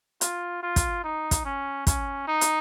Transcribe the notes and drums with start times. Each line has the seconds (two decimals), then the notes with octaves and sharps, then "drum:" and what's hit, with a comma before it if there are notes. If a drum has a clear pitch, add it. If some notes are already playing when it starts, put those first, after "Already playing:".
0.21 F4, drum: hi-hat
0.63 F4
0.76 drum: kick, hi-hat
1.04 D#4
1.31 drum: kick, hi-hat
1.45 C#4
1.87 C#4, drum: kick, hi-hat
2.27 D#4
2.41 drum: hi-hat